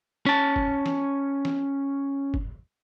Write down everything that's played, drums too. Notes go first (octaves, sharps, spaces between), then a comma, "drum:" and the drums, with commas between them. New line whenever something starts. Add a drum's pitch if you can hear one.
C#4 A5
drum: kick
drum: snare
drum: snare
drum: kick